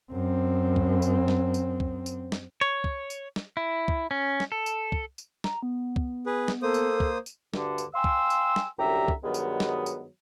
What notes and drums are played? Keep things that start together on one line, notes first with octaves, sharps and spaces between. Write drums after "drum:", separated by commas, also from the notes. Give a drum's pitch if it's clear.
F#2 C4
drum: kick
drum: tambourine
drum: snare
drum: tambourine
drum: kick
drum: tambourine
drum: snare
C#5
drum: kick
drum: tambourine
drum: snare
E4
drum: kick
C#4
drum: snare
A4
drum: tambourine
drum: kick
drum: tambourine
A#5, drum: snare
B3
drum: kick
G#4 B4
drum: snare
A#3 A4 C5 D#6
drum: tambourine
drum: kick
drum: tambourine
D2 G2 D3, drum: snare
drum: tambourine
F5 G5 G#5 C6 E6
drum: kick
drum: tambourine
drum: snare
C2 F#2 D3 G4 E5 A#5
drum: kick
G2 D#3 F#3 G#3 B3
drum: tambourine
drum: snare
drum: tambourine